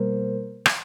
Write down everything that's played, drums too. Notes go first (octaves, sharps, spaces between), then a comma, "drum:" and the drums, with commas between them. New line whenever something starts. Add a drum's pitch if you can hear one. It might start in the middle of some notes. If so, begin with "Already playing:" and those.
Already playing: B2 G3 A#3 A#4 C5
drum: rim click